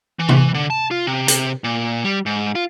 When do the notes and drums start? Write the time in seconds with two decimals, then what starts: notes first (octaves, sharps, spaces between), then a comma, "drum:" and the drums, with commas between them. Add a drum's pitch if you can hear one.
0.19 E3
0.29 drum: tom C3
0.54 D3
0.70 A5
0.91 F4
1.07 C3
1.28 C3, drum: hi-hat
1.64 A#2
2.04 G3
2.26 G#2
2.55 F4